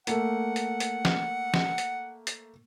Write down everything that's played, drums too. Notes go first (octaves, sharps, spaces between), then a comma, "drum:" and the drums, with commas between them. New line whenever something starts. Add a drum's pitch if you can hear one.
A3 A#3 F#5, drum: hi-hat
drum: hi-hat
drum: hi-hat
drum: snare
drum: snare
drum: hi-hat
drum: hi-hat